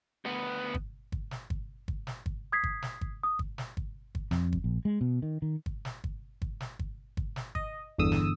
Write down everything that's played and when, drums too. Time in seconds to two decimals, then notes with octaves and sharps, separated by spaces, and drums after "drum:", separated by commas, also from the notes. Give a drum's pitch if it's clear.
0.25 D2 B3
0.75 drum: kick
1.12 drum: kick
1.31 drum: snare
1.50 drum: kick
1.88 drum: kick
2.07 drum: snare
2.26 drum: kick
2.52 D#6 G#6 B6 C7
2.64 drum: kick
2.82 drum: snare
3.01 drum: kick
3.23 D#6
3.39 drum: kick
3.58 drum: snare
3.77 drum: kick
4.15 drum: kick
4.31 F2, drum: snare
4.53 drum: kick
4.64 A#1
4.85 G#3
5.01 B2
5.22 D#3
5.42 D#3
5.66 drum: kick
5.85 drum: snare
6.04 drum: kick
6.42 drum: kick
6.60 drum: snare
6.79 drum: kick
7.17 drum: kick
7.36 drum: snare
7.55 D#5, drum: kick
7.98 G1 E2 D3 D#6 E6
8.12 drum: snare